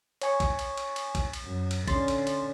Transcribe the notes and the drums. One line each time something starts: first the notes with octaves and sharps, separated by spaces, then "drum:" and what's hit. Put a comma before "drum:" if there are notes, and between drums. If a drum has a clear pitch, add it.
C#5 G#5 C#6, drum: cymbal
drum: kick A#1, cymbal
drum: cymbal
drum: cymbal
drum: cymbal
drum: kick A#1, cymbal
drum: cymbal
F#2
drum: cymbal
D3 C#4 C6 A6, drum: kick A#1, cymbal
drum: cymbal
drum: cymbal